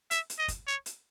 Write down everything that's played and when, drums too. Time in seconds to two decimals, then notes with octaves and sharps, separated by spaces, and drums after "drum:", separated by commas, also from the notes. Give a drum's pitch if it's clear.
0.11 E5, drum: hi-hat
0.30 drum: hi-hat
0.39 D#5
0.48 drum: kick, hi-hat
0.67 C#5
0.86 drum: hi-hat